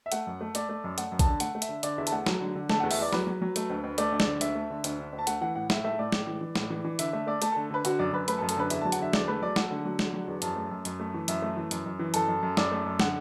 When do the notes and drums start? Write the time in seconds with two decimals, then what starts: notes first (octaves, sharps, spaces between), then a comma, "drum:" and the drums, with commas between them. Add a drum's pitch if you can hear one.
0.06 E5
0.12 A3 F#5, drum: hi-hat
0.27 F#2
0.41 A3
0.55 A3 D5, drum: hi-hat
0.69 A3
0.84 F#2
0.98 A3 F#5, drum: hi-hat
1.12 F#2
1.19 A5, drum: kick A#1, hi-hat
1.26 D3
1.40 A3 F#5, drum: hi-hat
1.55 A3
1.62 E5, drum: hi-hat
1.69 D3
1.83 D3 D5, drum: hi-hat
1.98 E2 E5
2.07 A5, drum: hi-hat
2.12 A3 F#5
2.26 F#3, drum: snare
2.40 D3
2.55 D3
2.70 A3 A5, drum: snare
2.80 E2 F#5
2.91 E5, drum: open hi-hat
2.98 E2 D5
3.13 F#3 B4, drum: snare
3.27 F#3
3.41 F#3
3.56 A3, drum: hi-hat
3.70 D2
3.84 D2
3.98 A3 D5, drum: hi-hat
4.12 D2
4.20 D5, drum: snare
4.27 D3
4.41 D2 E5, drum: hi-hat
4.55 A3
4.70 D3
4.84 D2, drum: hi-hat
4.99 D3
5.13 D2
5.19 A5
5.27 A3 F#5, drum: hi-hat
5.41 E3 F#5
5.55 A2 F#5
5.70 A2 E5, drum: snare
5.84 A3 E5
5.99 A2 D5
6.12 A2, drum: snare
6.27 E3
6.41 E3
6.55 A2, drum: snare
6.70 E3
6.84 E3
6.99 D3 E5, drum: hi-hat
7.13 A3 E5
7.27 A3 D5
7.42 A3 A5, drum: hi-hat
7.52 D3 A4
7.70 D3 B4
7.85 D3 F#4, drum: hi-hat
7.99 F#2 D5
8.13 F#2 B4
8.28 A3 B4, drum: hi-hat
8.38 A4
8.42 F#2
8.49 A4, drum: hi-hat
8.57 D3 B4
8.70 E2 E5, drum: hi-hat
8.81 F#3 A5
8.92 F#5, drum: hi-hat
8.99 D3 E5
9.13 E2 D5, drum: snare
9.28 A3 B4
9.42 F#3 D5
9.56 A3 F#5, drum: snare
9.71 D3
9.85 F#3
9.99 D3, drum: snare
10.13 F#3
10.28 E2
10.42 F#2 A5, drum: hi-hat
10.56 A3
10.71 F#2
10.85 F#2, drum: hi-hat
11.00 A3
11.14 E3
11.28 F#2 E5, drum: hi-hat
11.42 A3
11.57 E3
11.71 F#2, drum: hi-hat
11.86 F#2
11.99 E3
12.14 F#2 A4, drum: hi-hat
12.28 F#2
12.43 F#2
12.57 F#2 D5, drum: snare
12.72 A3
12.85 F#2
13.00 D3 F#5, drum: snare